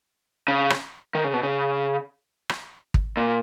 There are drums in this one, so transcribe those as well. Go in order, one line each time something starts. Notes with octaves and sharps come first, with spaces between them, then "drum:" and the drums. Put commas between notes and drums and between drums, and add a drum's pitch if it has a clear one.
C#3
drum: rim click
D#3
C#3
B2
C#3
drum: rim click
drum: kick
A#2